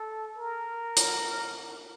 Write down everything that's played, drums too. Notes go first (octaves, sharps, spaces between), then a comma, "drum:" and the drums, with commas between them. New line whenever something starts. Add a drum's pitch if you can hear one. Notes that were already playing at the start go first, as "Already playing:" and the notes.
Already playing: A4
A#4
drum: hi-hat